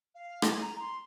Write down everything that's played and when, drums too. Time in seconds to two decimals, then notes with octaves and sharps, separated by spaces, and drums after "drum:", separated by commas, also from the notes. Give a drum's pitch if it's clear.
0.14 F5
0.42 G#5, drum: rim click
0.61 A#5
0.79 C6